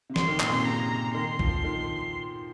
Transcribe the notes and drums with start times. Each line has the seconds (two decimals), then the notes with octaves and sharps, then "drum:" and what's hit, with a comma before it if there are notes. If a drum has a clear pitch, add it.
0.09 C3
0.16 C#3 C6, drum: snare
0.28 D#3
0.40 A#2, drum: clap
0.53 C3
0.65 C#3 A#5
1.14 D#3 C6
1.39 F3, drum: kick
1.64 D#3